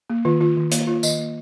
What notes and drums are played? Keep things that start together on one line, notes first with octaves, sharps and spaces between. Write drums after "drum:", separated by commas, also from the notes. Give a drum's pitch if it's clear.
A#3
D#3 F4
D#3 F4
D#3
A#3, drum: hi-hat
A#3 F4
D#3 D#5, drum: tambourine
A#3